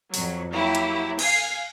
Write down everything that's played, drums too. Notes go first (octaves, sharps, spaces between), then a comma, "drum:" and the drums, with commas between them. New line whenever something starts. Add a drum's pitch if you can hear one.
F2 F#3, drum: open hi-hat
F#3 A#3 E4 G4
drum: hi-hat
F5 G#5 G#6 C7, drum: cymbal